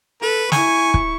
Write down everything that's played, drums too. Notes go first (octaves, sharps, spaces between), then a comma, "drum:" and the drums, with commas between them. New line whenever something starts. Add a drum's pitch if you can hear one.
A4 B4
E4 G#5 C#6, drum: snare
drum: kick